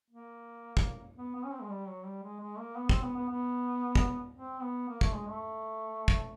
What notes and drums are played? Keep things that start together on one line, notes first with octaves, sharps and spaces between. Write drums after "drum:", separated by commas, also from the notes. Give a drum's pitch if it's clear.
A#3
drum: kick
B3
B3
C#4
C4
G#3
G3
F#3
G3
G#3
G#3
A#3
B3
C4, drum: kick
B3
B3
B3
drum: kick
C4
B3
A#3
A3, drum: kick
G#3
A3
drum: kick